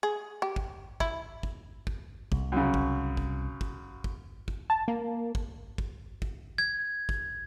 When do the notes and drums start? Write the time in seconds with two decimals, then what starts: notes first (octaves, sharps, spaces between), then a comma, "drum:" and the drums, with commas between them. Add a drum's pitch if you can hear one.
0.03 G#4
0.42 G4
0.56 drum: kick G#1
1.00 E4, drum: kick G#1
1.43 drum: kick G#1
1.87 drum: kick G#1
2.32 C2, drum: kick G#1
2.52 F#2 C#3
2.74 drum: kick G#1
3.17 drum: kick G#1
3.61 drum: kick G#1
4.04 drum: kick G#1
4.48 drum: kick G#1
4.70 A5
4.88 A#3
5.35 drum: kick G#1
5.78 drum: kick G#1
6.22 drum: kick G#1
6.58 G#6
7.09 drum: kick G#1